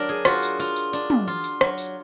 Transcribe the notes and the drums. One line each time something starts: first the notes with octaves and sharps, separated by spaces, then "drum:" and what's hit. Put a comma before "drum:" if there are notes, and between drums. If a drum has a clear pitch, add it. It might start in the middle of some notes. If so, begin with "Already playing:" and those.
Already playing: F#3 D4 A#4
G#4
F4 F#4, drum: rim click
drum: tambourine
F4, drum: tambourine
drum: tambourine
D4, drum: tambourine
drum: tom
F4
drum: tambourine
F#3, drum: rim click
drum: tambourine